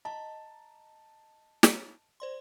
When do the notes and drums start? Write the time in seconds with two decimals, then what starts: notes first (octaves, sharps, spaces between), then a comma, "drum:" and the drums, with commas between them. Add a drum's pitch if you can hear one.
0.05 D#5 A5 A#5
1.63 drum: snare
2.20 C5 D5 C6